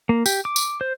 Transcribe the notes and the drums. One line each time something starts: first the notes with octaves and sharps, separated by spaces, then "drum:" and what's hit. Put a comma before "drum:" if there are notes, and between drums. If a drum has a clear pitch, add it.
A#3
G4, drum: tambourine
D6
drum: tambourine
C5